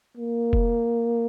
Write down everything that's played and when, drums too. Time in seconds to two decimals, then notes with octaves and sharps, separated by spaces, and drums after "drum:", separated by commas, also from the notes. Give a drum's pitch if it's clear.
0.17 A#3
0.53 drum: kick F1